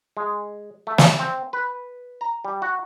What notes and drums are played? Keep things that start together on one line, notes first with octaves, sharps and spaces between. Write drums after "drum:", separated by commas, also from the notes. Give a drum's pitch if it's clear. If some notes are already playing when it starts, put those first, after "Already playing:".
G#3
A3
drum: snare
C4
B4
A#5
G3
F#4